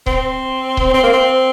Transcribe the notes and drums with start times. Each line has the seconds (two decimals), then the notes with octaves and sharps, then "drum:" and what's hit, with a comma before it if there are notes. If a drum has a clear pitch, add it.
0.06 C4, drum: kick C#1
0.77 drum: kick C#1
0.94 C4
1.03 A#3
1.13 C4